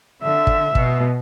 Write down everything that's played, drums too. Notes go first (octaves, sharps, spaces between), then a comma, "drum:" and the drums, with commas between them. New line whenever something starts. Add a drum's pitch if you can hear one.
D3 E5
drum: kick
B2, drum: kick